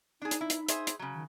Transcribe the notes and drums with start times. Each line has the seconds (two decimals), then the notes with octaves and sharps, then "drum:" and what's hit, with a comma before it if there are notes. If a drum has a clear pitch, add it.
0.22 D4 D#4 G#4
0.31 drum: hi-hat
0.41 E4
0.50 drum: hi-hat
0.69 G#4 C5 E5, drum: hi-hat
0.87 drum: hi-hat
0.99 C#3 F#3
1.13 D#3